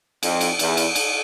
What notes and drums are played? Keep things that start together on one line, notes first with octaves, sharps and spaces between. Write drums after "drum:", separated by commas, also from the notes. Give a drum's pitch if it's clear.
F2, drum: cymbal
drum: cymbal
E2, drum: cymbal
drum: cymbal
drum: cymbal